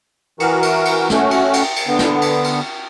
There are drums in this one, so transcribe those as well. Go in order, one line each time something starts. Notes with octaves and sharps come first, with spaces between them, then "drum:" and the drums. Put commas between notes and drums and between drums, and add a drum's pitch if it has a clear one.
E3 F#4 A#4, drum: cymbal
drum: cymbal
drum: cymbal
A3 C#4 F#4, drum: snare
drum: cymbal
drum: cymbal
drum: cymbal
D3 B3
drum: snare
drum: cymbal
drum: cymbal